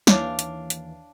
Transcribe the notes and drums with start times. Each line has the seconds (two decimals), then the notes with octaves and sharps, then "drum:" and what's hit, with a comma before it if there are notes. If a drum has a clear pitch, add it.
0.07 D#2 E3 D4 C#5 F5, drum: snare
0.39 drum: hi-hat
0.70 drum: hi-hat